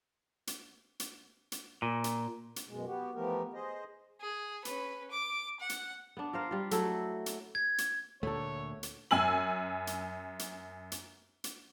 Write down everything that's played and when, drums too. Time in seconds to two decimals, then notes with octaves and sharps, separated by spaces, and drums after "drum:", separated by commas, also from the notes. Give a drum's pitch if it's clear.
0.47 drum: hi-hat
1.00 drum: hi-hat
1.52 drum: hi-hat
1.82 A#2
2.04 drum: hi-hat
2.56 drum: hi-hat
2.68 F#2 B2 G#3
2.86 B3 F#4 G4
3.14 E3 F3 A3 B3 G4 A#4
3.53 G#4 C5 D#5
4.21 G#4
4.65 C#4 B4, drum: hi-hat
5.11 D6
5.60 F#5
5.69 drum: hi-hat
6.17 B3 D4
6.33 F4 A#4 C5 F5
6.51 G3 F4
6.71 F#3 A3 E4 A4, drum: hi-hat
7.26 drum: hi-hat
7.55 G#6
7.78 drum: hi-hat
8.23 D2 A#2 D3 A3 A4 C#5
8.83 drum: hi-hat
9.11 F#2 G#5 E6 F#7
9.87 drum: hi-hat
10.39 drum: hi-hat
10.92 drum: hi-hat
11.44 drum: hi-hat